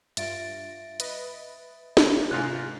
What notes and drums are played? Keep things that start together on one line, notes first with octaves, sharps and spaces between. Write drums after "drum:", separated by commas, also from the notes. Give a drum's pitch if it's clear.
G2 F4 E5 A6 A#6 D7, drum: hi-hat
B4 D#5, drum: hi-hat
drum: snare
G#2 C3 F4 C6 F#6